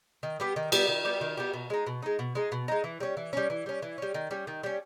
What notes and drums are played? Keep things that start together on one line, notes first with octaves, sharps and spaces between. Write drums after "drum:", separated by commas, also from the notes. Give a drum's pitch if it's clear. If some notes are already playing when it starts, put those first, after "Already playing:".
D#3
G3 B3 G4
D#3
G3 B3 G4, drum: cymbal
D#3
G3 B3 G4
D#3
G3 B3 G4
B2
G#3 D#4
B2
G#3 D#4
B2
G#3 D#4
B2
G#3 D#4
E3
G3 C#4
E3
G3 C#4
E3
G3 C#4
E3
G3 C#4
D#3
G3 C#4
D#3
G3 C#4